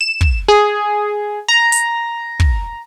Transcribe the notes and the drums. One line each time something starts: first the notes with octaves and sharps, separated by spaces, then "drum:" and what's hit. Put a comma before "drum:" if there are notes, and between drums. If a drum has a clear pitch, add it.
E7
drum: kick
G#4
A#5
drum: hi-hat
drum: kick